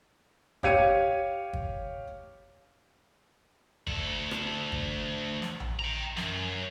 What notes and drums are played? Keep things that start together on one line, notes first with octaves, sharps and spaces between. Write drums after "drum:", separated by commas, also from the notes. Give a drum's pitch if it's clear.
G4 C#5 F5 G#6 C#7 D#7, drum: kick G1
drum: kick G1
D2 A4, drum: kick G1
drum: rim click
drum: kick G1
drum: snare
drum: tom A#1
G5 A#5
F#2, drum: snare